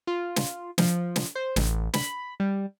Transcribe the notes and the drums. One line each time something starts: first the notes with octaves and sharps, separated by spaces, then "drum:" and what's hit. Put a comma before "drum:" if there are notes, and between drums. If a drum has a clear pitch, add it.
F4
drum: snare
F3, drum: snare
drum: snare
C5
A1, drum: snare
B5, drum: snare
G3